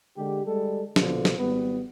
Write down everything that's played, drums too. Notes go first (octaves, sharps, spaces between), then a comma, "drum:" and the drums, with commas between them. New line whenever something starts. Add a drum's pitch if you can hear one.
D3 G#3 G4
G3 G#3 A4
A#1 B2 D3 F3, drum: snare
drum: snare
G#1 G3 B3